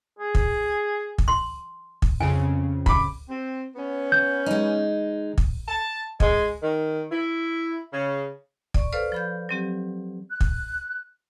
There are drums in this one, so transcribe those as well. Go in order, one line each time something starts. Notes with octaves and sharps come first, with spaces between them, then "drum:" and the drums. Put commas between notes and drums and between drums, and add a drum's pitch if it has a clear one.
G#4
drum: kick
drum: kick
C6
drum: kick
F2 C#3 G#5
B5 D6, drum: kick
C4
B3 C#4
G6
G#3 D#4
drum: kick
A5
G#3, drum: kick
D#3
E4
C#3
D5 C#6, drum: kick
A4 B4 C5 D5 F5 F6
F3 B5 G6
F#3 C4 G4
F#6
drum: kick